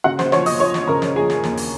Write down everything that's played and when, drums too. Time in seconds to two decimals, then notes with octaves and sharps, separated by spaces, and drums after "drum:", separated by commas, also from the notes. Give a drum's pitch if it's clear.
0.04 C#3 F#4 F#5
0.19 C5 C6, drum: snare
0.32 F3 C#5 C#6, drum: snare
0.46 D#5 D#6, drum: open hi-hat
0.60 F3 C#5 C#6
0.74 drum: snare
0.87 C#3 A#4 A#5
1.02 drum: snare
1.15 F3 G#4 G#5
1.30 drum: snare
1.44 D#2, drum: snare
1.57 drum: open hi-hat